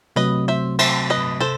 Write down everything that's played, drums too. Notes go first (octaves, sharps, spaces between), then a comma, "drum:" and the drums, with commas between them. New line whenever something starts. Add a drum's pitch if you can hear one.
C3 F#3 A3 C4 F#4 B4 D#5
C5 E5
C5 E5, drum: cymbal
B4 D#5
C3 A4 C5